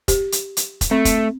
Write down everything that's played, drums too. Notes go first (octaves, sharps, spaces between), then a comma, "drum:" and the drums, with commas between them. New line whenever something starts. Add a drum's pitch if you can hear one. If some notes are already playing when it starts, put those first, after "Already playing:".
G4, drum: kick F1, hi-hat
drum: hi-hat
drum: hi-hat
drum: kick F1, hi-hat
A3 C4
drum: kick F1, hi-hat